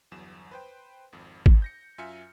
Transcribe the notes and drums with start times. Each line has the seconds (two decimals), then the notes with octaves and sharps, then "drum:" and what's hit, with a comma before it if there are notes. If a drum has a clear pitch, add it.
0.11 G1 E2 F#3 E7
0.51 B4 C5 G5
1.12 G#1 F2
1.46 drum: kick
1.62 G6 A#6 C#7
1.98 F#2 F4 E5 G#5 F6 C#7